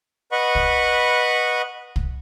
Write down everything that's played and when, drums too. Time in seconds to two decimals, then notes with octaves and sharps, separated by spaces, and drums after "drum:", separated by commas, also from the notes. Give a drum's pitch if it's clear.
0.32 B4 D#5 F#5 B5 C#6
0.55 drum: kick
1.96 drum: kick